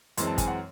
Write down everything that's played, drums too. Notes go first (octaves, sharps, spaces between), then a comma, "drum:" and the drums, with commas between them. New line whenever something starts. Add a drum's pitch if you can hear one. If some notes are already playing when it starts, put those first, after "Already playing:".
F#2 E3 G#3 C4 C6, drum: hi-hat
A5
G#5, drum: kick, hi-hat
F#5